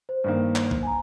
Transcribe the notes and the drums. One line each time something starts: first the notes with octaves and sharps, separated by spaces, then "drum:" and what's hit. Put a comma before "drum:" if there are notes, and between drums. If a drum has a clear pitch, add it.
C5
G2 D#3 A#3 C5
drum: clap
drum: kick B1
G#5
A#5